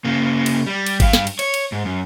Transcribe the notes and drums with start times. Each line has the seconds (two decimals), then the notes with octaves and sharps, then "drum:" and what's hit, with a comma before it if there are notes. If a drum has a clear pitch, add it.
0.05 C#3 A#3
0.46 drum: cymbal
0.67 G3
0.86 drum: cymbal
1.00 G2 F5, drum: kick G#1, cymbal
1.13 drum: snare
1.27 drum: cymbal
1.39 C#5, drum: cymbal
1.54 drum: cymbal
1.72 G#2
1.85 F#2